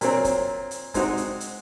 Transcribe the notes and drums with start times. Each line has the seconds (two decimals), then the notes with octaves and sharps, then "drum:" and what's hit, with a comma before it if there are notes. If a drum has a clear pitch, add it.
0.01 A#2 F#3 C4, drum: hi-hat
0.24 drum: kick, hi-hat
0.71 drum: hi-hat
0.94 G#3 C4 D#4 F#4 C5, drum: kick, hi-hat
1.17 drum: hi-hat
1.40 drum: hi-hat